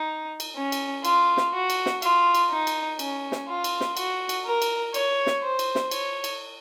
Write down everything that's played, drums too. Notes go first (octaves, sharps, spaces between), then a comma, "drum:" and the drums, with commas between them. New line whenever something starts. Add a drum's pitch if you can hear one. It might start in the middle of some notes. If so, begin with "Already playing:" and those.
Already playing: D#4
drum: cymbal
C#4
drum: cymbal
F4, drum: cymbal
drum: snare
F#4
drum: cymbal
drum: snare
F4, drum: cymbal
drum: cymbal
D#4
drum: cymbal
C#4, drum: cymbal
drum: snare
F4
drum: cymbal
drum: snare
F#4, drum: cymbal
drum: cymbal
A#4
drum: cymbal
C#5, drum: cymbal
drum: snare
C5
drum: cymbal
drum: snare
C#5, drum: cymbal
drum: cymbal